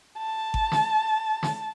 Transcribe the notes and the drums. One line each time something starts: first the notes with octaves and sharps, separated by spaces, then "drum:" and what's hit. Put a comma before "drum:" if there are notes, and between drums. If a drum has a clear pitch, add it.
A5
drum: kick G#1
drum: snare
drum: snare